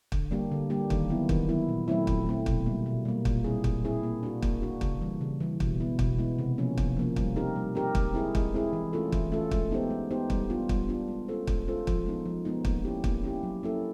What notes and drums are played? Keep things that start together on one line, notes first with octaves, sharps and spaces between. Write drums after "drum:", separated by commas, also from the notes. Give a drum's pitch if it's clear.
D3, drum: kick
G3 A#3 D4 G4
D3
G3 A#3 D4 G4
D#3, drum: kick
F#3 B3 E4
D#3, drum: kick
F#3 B3 E4
A#2
F#3 A3 C4 E4
A#2, drum: kick
F#3 A3 C4 E4
B2, drum: kick
G3 A#3
B2
G3 A#3
A#2, drum: kick
G3 C4 E4 G#4
A#2, drum: kick
G3 C4 E4 G#4
A#3
D4 F#4
A#3, drum: kick
D4 F#4
C#3, drum: kick
E3 G3
C#3
E3 G3
B2, drum: kick
G#3 B3 E4
B2, drum: kick
G#3 B3 E4
C3
F3 A#3 C#4
C3, drum: kick
F3 A#3 C#4
G3, drum: kick
C4 D#4 G4 A#4
G3
C4 D#4 G4 A#4
G#3, drum: kick
C4 E4 G#4
G#3, drum: kick
C4 E4 G#4
E3
A3 C#4 F4 A4
E3, drum: kick
A3 C#4 F4 A4
G#3, drum: kick
B3 D#4 G4 C5
G#3
B3 D#4 G4 C5
G3, drum: kick
B3 D4 F4
G3, drum: kick
B3 D4 F4
G#3
C#4 F4 A4 C5
G#3, drum: kick
C#4 F4 A4 C5
F3, drum: kick
G#3 B3 D#4
F3
G#3 B3 D#4
A#3, drum: kick
C#4 E4 G4
A#3, drum: kick
C#4 E4 G4
F#3
A#3 C#4 E4 A4